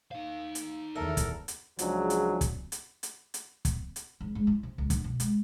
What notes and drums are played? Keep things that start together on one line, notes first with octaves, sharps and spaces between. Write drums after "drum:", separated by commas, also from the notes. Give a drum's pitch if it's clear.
D#4 F5
drum: hi-hat
E2 D#3 A4 A#4 E5
drum: kick, hi-hat
drum: hi-hat
C#2 F3 F#3 D4 G#4, drum: hi-hat
drum: hi-hat
drum: kick, hi-hat
drum: hi-hat
drum: hi-hat
drum: hi-hat
drum: kick, hi-hat
drum: hi-hat
G#1
G#2
E4
C3
C#2
D3, drum: kick, hi-hat
B2
G#3, drum: hi-hat